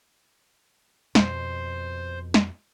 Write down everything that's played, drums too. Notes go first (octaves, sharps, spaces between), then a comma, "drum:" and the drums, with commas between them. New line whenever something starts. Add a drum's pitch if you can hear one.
F2 B2 C5, drum: snare
drum: snare